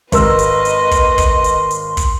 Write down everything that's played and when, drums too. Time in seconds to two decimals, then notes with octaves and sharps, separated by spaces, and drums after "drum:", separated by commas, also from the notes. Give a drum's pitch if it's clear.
0.12 G#1 A#4 B4 D#5 C6 E6, drum: kick, hi-hat
0.39 drum: hi-hat
0.65 drum: hi-hat
0.91 drum: kick, hi-hat
1.18 drum: kick, hi-hat
1.44 drum: hi-hat
1.71 drum: hi-hat
1.97 drum: kick, hi-hat